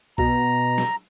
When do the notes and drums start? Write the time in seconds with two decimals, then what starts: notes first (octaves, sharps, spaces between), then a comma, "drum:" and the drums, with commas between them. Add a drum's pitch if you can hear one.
0.18 B2 A#5, drum: kick B1
0.78 drum: snare